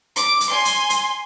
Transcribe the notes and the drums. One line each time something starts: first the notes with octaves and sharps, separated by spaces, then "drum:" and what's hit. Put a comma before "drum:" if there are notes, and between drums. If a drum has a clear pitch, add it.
D6, drum: hi-hat
drum: hi-hat
G#5 C6
drum: hi-hat
drum: hi-hat